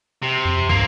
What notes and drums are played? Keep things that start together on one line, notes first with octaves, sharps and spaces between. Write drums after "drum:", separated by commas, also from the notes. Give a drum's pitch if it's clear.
C3
F2
G2 A#3 C4, drum: kick